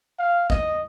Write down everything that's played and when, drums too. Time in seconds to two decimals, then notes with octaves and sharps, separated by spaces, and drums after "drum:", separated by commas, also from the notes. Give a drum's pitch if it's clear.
0.19 F5
0.50 D#5, drum: kick